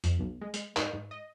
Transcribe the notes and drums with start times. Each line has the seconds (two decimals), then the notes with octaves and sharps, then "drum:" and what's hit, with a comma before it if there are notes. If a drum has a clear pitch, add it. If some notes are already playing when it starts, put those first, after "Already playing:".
0.04 F2, drum: hi-hat
0.19 B1
0.41 G#3
0.54 G#3, drum: hi-hat
0.77 G#2, drum: clap
0.93 G#2
1.11 D#5